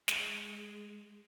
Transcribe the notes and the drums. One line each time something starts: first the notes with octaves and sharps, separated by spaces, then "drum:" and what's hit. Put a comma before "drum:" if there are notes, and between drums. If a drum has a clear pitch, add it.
G#3, drum: snare